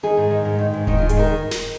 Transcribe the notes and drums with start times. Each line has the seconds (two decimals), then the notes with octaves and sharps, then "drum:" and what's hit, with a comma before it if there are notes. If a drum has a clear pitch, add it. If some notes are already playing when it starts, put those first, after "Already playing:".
0.03 D#3 G#4
0.17 G#2
0.31 D#3
0.45 G#2
0.59 D#3
0.73 G#2
0.87 D#3 D#4, drum: kick D#1
0.98 G#2 F4
1.09 G#4, drum: hi-hat
1.16 D#3 A#4
1.51 drum: snare